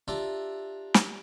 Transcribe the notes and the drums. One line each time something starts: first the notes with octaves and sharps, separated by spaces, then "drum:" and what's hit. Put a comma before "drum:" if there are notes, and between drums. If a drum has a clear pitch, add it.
D4 F4 G4 E5 A#5
drum: snare